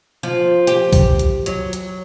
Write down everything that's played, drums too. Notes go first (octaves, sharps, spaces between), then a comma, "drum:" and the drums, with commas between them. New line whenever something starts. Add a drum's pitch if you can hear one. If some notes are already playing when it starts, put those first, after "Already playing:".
F3
G4, drum: hi-hat
drum: kick B1, open hi-hat
drum: hi-hat
F#3, drum: hi-hat
drum: hi-hat